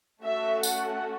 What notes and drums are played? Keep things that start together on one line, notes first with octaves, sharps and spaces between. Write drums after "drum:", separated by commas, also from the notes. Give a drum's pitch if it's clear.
A3 C#4 F#4 A4 E5
F#5, drum: tambourine